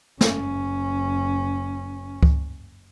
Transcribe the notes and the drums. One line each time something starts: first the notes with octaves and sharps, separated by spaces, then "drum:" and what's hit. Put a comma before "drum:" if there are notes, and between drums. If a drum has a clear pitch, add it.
F#1 C#4, drum: snare
drum: kick C#2